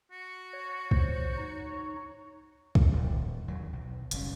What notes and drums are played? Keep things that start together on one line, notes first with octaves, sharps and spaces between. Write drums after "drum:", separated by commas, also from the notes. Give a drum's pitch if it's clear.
F#4
C#5
C5, drum: kick
D#4
drum: kick
D#1
D#2 F#3
B1
F#1 G3 C#4, drum: hi-hat